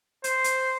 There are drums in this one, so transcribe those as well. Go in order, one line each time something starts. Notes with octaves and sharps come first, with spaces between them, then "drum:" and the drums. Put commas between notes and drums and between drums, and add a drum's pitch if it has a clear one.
C5, drum: hi-hat
drum: hi-hat